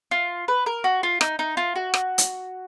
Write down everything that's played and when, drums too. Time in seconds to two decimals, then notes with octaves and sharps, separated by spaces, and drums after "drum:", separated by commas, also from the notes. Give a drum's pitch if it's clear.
0.11 F4
0.48 B4
0.66 A#4
0.84 F#4
1.03 F4
1.21 D#4, drum: rim click
1.39 D#4
1.57 F4
1.76 F#4
1.94 drum: rim click
2.18 drum: hi-hat